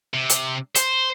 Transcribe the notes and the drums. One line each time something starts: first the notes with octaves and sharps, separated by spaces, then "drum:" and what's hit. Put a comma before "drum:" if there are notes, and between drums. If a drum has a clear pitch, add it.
C3
drum: hi-hat
C5, drum: hi-hat